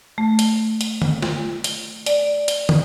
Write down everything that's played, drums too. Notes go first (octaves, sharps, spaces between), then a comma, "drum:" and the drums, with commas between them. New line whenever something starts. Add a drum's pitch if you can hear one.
A3
drum: hi-hat
drum: hi-hat
drum: tom D3
drum: snare
drum: hi-hat
D5, drum: hi-hat
drum: hi-hat
drum: tom